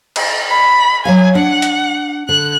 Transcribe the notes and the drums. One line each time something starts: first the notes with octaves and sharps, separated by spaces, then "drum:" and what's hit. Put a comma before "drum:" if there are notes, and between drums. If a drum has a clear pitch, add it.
drum: cymbal
B5
F#3 E5 F5 G#5
D4 F#5
drum: hi-hat
D3 F#6